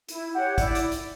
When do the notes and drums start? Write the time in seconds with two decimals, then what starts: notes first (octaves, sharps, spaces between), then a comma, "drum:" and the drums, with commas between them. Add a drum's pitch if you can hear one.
0.08 E4, drum: hi-hat
0.33 G4 C#5 F#5
0.58 E4 D5, drum: kick, hi-hat
0.75 drum: hi-hat
0.92 drum: hi-hat